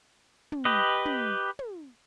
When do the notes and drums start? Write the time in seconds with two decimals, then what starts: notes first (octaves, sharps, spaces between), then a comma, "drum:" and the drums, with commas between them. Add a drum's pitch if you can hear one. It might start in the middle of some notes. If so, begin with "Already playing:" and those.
0.52 drum: tom
0.65 G4 B4 D#5
1.05 drum: tom
1.59 drum: tom